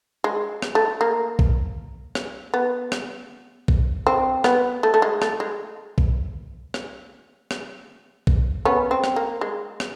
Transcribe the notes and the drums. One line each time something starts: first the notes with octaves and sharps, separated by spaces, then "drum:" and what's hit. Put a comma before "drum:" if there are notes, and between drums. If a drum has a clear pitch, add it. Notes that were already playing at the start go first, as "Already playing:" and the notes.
G#3
drum: rim click
A3
A#3
drum: kick A#1
drum: rim click
B3
drum: rim click
drum: kick A#1
C4
B3, drum: rim click
A3
A3
G#3
A3, drum: rim click
G#3
drum: kick A#1
drum: rim click
drum: rim click
drum: kick A#1
B3 C#4
C4
drum: rim click
A#3
G#3
drum: rim click